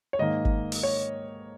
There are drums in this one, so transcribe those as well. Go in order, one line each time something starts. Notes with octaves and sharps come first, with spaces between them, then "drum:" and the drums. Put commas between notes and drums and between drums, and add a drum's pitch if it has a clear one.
C#5
G#2 D#3 A#3 D#5
drum: kick G1
drum: open hi-hat
C#5